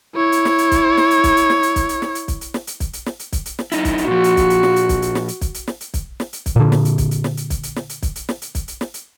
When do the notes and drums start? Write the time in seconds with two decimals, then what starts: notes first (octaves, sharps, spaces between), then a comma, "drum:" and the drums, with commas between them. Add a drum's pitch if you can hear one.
0.15 E4 C#5
0.32 drum: hi-hat
0.45 drum: snare
0.58 drum: hi-hat
0.71 drum: kick, hi-hat
0.98 drum: snare
1.11 drum: hi-hat
1.24 drum: kick, hi-hat
1.37 drum: hi-hat
1.50 drum: snare
1.63 drum: hi-hat
1.76 drum: kick, hi-hat
1.89 drum: hi-hat
2.02 drum: snare
2.15 drum: hi-hat
2.28 drum: kick, hi-hat
2.41 drum: hi-hat
2.54 drum: snare
2.67 drum: hi-hat
2.80 drum: kick, hi-hat
2.93 drum: hi-hat
3.06 drum: snare
3.19 drum: hi-hat
3.33 drum: kick, hi-hat
3.46 drum: hi-hat
3.59 drum: snare
3.72 F#2 D#4 E4, drum: hi-hat
3.85 drum: kick, hi-hat
3.98 drum: hi-hat
4.07 A#2 F3 F#4
4.24 drum: hi-hat
4.37 drum: kick, hi-hat
4.50 drum: hi-hat
4.63 drum: snare
4.76 drum: hi-hat
4.89 drum: kick, hi-hat
5.02 drum: hi-hat
5.15 drum: snare
5.28 drum: hi-hat
5.41 drum: kick, hi-hat
5.54 drum: hi-hat
5.68 drum: snare
5.81 drum: hi-hat
5.94 drum: kick, hi-hat
6.20 drum: snare
6.33 drum: hi-hat
6.46 drum: kick, hi-hat
6.56 A#2 D3
6.72 drum: snare
6.85 drum: hi-hat
6.98 drum: kick, hi-hat
7.11 drum: hi-hat
7.24 drum: snare
7.37 drum: hi-hat
7.50 drum: kick, hi-hat
7.63 drum: hi-hat
7.76 drum: snare
7.89 drum: hi-hat
8.03 drum: kick, hi-hat
8.16 drum: hi-hat
8.29 drum: snare
8.42 drum: hi-hat
8.55 drum: kick, hi-hat
8.68 drum: hi-hat
8.81 drum: snare
8.94 drum: hi-hat